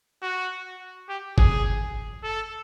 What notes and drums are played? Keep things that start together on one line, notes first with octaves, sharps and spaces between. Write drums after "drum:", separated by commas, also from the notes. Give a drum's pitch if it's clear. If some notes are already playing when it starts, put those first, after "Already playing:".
F#4
G4
G#4, drum: kick
A4